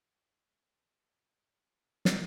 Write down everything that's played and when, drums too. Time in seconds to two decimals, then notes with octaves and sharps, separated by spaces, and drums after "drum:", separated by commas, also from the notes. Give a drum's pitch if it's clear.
0.25 F#4 G4 C5
0.68 B3 C#5 B5
1.17 D6
2.05 drum: snare